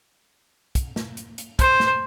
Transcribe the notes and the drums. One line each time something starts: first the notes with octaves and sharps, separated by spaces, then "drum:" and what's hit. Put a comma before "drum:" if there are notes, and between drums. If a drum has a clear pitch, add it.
drum: kick, hi-hat
drum: snare
drum: hi-hat
drum: hi-hat
C5, drum: kick, hi-hat
drum: snare